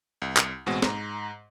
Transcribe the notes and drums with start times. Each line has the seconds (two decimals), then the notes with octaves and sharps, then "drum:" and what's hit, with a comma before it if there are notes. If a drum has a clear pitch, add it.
0.22 C2
0.37 drum: clap
0.66 A1 B2 G#3 C4 F#4
0.82 G#2 A#5, drum: snare